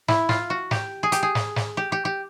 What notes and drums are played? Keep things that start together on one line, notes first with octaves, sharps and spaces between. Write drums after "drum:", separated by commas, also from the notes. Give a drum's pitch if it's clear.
E4, drum: snare
F4, drum: snare
F#4
G4, drum: snare
G#4
G4, drum: hi-hat
G#4
drum: snare
drum: snare
G4
G4
G4